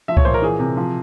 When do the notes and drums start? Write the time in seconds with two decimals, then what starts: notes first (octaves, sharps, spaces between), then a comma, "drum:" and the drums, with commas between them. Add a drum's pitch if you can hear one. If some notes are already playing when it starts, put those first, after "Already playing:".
0.08 F3 E5
0.17 C#5, drum: kick C2
0.25 A#2 C5
0.34 A#4
0.42 E3 G#4
0.59 C3
0.77 F3